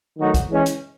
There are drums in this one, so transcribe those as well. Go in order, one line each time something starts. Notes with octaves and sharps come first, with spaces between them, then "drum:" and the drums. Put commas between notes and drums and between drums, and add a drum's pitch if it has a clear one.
D#3 F#3 A3 D#4 F#4
drum: kick, hi-hat
E3 G#3 C#4
drum: hi-hat